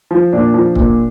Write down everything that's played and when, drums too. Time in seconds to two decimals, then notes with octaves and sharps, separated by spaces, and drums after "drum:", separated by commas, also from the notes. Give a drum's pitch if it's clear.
0.11 F3
0.32 A#2 D4
0.54 F3
0.76 A#2, drum: kick C#1